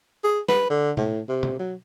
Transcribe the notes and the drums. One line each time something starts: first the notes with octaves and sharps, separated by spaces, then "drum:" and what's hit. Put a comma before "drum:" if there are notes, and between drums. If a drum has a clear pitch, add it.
G#4
B4, drum: snare
D3
A2, drum: tom B2
C3
drum: tom B2
F#3